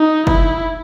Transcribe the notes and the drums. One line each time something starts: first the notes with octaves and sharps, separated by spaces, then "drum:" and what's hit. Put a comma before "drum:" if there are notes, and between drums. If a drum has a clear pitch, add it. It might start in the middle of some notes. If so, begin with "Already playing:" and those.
Already playing: D#4
E4, drum: kick